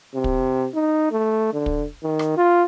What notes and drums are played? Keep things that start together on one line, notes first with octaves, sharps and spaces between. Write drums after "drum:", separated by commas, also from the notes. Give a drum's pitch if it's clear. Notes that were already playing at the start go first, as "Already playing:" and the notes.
C3
drum: kick
D#4
A3
D3
drum: kick
D#3
drum: rim click
F4